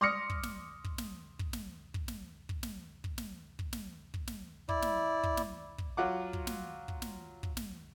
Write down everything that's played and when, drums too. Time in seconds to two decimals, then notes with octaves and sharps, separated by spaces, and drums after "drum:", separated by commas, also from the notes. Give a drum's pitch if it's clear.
0.01 C6 D6 D#6 F6 A#6 C#7
0.30 drum: kick
0.43 drum: snare
0.84 drum: kick
0.98 drum: snare
1.39 drum: kick
1.53 drum: snare
1.94 drum: kick
2.08 drum: snare
2.49 drum: kick
2.63 drum: snare
3.04 drum: kick
3.18 drum: snare
3.59 drum: kick
3.73 drum: snare
4.14 drum: kick
4.27 drum: snare
4.69 E4 D5, drum: kick
4.82 drum: snare
5.23 drum: kick
5.37 drum: snare
5.78 drum: kick
5.97 F#3 F4 F#5 D6
6.33 drum: kick
6.47 drum: snare
6.88 drum: kick
7.02 drum: snare
7.43 drum: kick
7.57 drum: snare